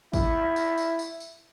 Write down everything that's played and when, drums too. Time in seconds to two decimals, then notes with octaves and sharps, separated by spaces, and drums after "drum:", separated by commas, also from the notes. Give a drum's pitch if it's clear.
0.13 E4, drum: kick, tambourine
0.56 drum: tambourine
0.78 drum: tambourine
0.99 drum: tambourine
1.20 drum: tambourine